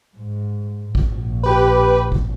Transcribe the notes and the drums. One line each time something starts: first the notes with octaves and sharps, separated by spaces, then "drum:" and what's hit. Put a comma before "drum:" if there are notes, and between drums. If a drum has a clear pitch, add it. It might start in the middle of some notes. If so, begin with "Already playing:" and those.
G#2
drum: kick
A#1
G4 B4
drum: kick